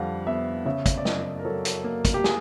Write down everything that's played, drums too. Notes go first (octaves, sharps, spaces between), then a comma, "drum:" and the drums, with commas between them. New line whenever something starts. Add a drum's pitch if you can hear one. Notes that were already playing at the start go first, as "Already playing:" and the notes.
Already playing: F2 D3 G3 F5 F#5
B3 E5
C#3 E5
drum: kick, hi-hat
D5
F#2 D#5, drum: snare
A#4
F#3 A4
drum: hi-hat
A#3
drum: kick, hi-hat
G4
G#4, drum: snare